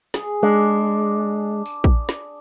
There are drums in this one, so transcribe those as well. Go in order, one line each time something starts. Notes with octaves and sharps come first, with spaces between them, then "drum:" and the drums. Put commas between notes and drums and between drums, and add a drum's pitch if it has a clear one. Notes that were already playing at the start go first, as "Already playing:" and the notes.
G#4, drum: snare
G#3 D4
drum: tambourine
drum: kick
drum: snare